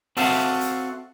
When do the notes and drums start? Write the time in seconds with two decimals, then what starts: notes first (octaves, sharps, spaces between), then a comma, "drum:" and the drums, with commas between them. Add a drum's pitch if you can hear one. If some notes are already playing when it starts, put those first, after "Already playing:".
0.17 C4 F#4 A4 E5 F5, drum: open hi-hat
0.61 drum: hi-hat